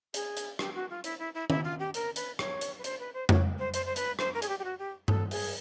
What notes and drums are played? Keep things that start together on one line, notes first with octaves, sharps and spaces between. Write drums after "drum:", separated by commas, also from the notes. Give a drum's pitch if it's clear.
G#4, drum: hi-hat
drum: hi-hat
G4, drum: rim click
F#4
F4
E4, drum: hi-hat
E4
E4
E4, drum: tom D#3
F4
G4
A#4, drum: hi-hat
B4, drum: hi-hat
C#5, drum: rim click
drum: hi-hat
B4
C5, drum: hi-hat
B4
C5
C#5, drum: tom F2
C5
C5, drum: hi-hat
C5
B4, drum: hi-hat
C5, drum: rim click
A#4
G#4, drum: hi-hat
G4
G4
F#4
G4
A4, drum: tom G2
G#4, drum: open hi-hat